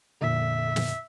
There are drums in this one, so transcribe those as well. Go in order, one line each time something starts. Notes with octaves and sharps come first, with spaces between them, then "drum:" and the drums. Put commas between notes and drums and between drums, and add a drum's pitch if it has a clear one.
F2 A#2 D3 E5
drum: snare